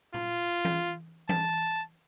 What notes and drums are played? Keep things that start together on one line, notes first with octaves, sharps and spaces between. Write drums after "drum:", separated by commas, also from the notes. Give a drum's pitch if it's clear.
F4, drum: tom A#2
drum: tom E3
A5, drum: tom E3